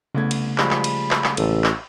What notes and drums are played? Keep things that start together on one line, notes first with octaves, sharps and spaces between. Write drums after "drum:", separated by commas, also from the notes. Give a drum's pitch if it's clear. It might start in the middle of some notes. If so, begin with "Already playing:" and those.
C2 C#3 A3 B3 G#6
drum: cymbal
F3 G3 G#3 B5, drum: clap
drum: clap
drum: cymbal
drum: clap
drum: clap
A1 A4, drum: cymbal
drum: clap